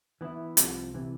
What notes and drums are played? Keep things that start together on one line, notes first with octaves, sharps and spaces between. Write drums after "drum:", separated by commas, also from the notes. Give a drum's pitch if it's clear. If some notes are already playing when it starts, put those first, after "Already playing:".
E3 B3 E4
C2 C3 F3, drum: hi-hat
C3 E3